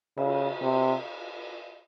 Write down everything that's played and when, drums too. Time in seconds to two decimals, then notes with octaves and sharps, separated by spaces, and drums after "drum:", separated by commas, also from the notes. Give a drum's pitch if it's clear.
0.18 C#3, drum: cymbal
0.62 C3